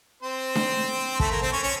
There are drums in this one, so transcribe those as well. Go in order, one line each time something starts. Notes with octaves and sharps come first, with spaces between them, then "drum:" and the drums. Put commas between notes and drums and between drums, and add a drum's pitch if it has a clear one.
C4 C5
drum: snare D4
A3 A4, drum: kick
A#3 A#4
C4 C5
C#4 C#5
C#4 C#5